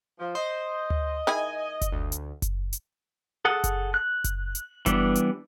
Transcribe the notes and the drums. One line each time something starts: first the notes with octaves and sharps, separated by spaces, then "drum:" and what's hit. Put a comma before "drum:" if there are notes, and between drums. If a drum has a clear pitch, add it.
F3
C5 D#5
drum: tom D2
D#3 E4 G#4 G#5
drum: kick F#1, hi-hat
D2
drum: hi-hat
drum: kick F#1, hi-hat
drum: hi-hat
G#4 A4 F#5
drum: kick F#1, hi-hat
F#6
drum: kick F#1, hi-hat
drum: hi-hat
E3 G3 B3 D4, drum: kick F#1, hi-hat
drum: hi-hat